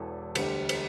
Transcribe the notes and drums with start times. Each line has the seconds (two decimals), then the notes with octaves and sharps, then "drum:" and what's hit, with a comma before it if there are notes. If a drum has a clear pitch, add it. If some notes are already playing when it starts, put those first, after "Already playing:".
Already playing: E1 E2 E3 A4
0.35 D2 D3 G3 G4, drum: cymbal
0.69 drum: cymbal